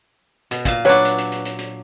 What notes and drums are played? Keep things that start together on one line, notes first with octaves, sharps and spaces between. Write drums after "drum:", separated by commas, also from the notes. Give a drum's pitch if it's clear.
B2, drum: hi-hat
A#2 F5, drum: kick, hi-hat
F#3 D4 B4 C#5 F#5
drum: hi-hat
drum: hi-hat
drum: hi-hat
drum: hi-hat
drum: hi-hat